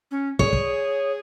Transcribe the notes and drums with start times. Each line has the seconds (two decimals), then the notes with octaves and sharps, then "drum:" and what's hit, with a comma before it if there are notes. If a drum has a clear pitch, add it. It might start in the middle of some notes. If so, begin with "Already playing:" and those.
0.11 C#4
0.39 G#4 C#5, drum: kick
0.53 drum: kick